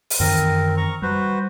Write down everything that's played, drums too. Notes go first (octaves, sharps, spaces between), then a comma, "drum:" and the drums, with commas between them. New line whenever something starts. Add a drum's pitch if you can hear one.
drum: open hi-hat
F#2 D#3 E3 C4 A#4
A#5 C#6
G3 F#4 B4 C5